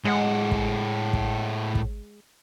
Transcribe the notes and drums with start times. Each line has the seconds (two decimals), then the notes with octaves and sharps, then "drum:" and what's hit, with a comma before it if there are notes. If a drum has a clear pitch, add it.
0.05 A2 G#3 F#5
0.51 drum: kick
1.13 drum: kick
1.75 drum: kick